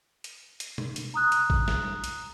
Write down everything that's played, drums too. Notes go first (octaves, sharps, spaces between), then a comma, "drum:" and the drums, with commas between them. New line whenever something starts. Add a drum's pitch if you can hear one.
drum: hi-hat
drum: hi-hat
drum: tom B2
drum: hi-hat
A#5 D#6 F#6
drum: hi-hat
drum: kick G#1
drum: snare
drum: hi-hat